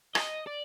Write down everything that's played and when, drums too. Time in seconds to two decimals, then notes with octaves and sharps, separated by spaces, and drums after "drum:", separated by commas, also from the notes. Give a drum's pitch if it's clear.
0.15 D#5, drum: rim click
0.47 D5